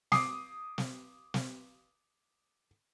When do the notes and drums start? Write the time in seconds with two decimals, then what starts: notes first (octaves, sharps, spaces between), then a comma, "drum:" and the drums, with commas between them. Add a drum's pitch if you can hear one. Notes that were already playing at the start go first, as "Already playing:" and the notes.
0.12 D6 D#6 C7, drum: snare
0.78 drum: snare
1.34 drum: snare